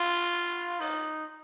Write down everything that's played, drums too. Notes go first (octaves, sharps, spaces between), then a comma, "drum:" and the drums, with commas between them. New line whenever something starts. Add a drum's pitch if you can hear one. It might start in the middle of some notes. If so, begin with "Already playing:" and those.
Already playing: F4
D#4, drum: open hi-hat